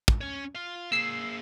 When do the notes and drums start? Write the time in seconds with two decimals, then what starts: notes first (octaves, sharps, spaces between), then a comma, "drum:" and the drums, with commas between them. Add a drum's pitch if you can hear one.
0.08 drum: kick
0.21 C#4 C#5
0.55 F4 F5
0.92 A#3 G#4 E6 C7